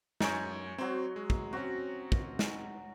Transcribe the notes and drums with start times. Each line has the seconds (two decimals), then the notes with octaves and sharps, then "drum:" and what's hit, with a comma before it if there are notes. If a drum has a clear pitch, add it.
0.20 F#2 D#4 C#5 G#5 D7, drum: snare
0.78 F#3 C4 C6
1.16 G#3
1.30 drum: kick
1.53 C4 C#4 F#4
2.12 drum: kick
2.39 drum: snare